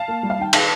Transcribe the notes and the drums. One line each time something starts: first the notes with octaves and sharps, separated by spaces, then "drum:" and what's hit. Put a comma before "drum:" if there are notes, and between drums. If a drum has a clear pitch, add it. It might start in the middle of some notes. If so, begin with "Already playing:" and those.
Already playing: F5 A5
A#3
G3
F5
D#3 G5
D#3 F5 A5, drum: cymbal